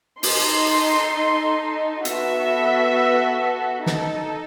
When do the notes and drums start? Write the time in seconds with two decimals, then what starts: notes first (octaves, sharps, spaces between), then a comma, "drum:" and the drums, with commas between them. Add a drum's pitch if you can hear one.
0.23 D#4 A4 C6, drum: open hi-hat
2.05 B3 F#4 A4 E5, drum: hi-hat
3.86 D#4 A4, drum: snare